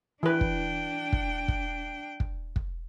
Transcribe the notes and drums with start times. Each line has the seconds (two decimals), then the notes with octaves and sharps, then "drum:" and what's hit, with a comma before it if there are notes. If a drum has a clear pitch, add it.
0.23 E3 D4 B4 G5
0.41 drum: kick
1.13 drum: kick
1.48 drum: kick
2.20 drum: kick
2.56 drum: kick